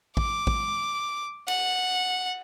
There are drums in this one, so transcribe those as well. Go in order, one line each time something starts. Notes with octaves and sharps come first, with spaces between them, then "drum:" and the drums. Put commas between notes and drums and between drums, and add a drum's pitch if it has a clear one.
D6, drum: kick
drum: kick
F#5, drum: cymbal